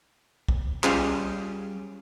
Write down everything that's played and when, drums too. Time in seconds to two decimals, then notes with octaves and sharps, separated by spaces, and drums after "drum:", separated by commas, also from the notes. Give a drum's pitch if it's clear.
0.48 drum: kick B1
0.84 G3 C#4 F4 G#4, drum: clap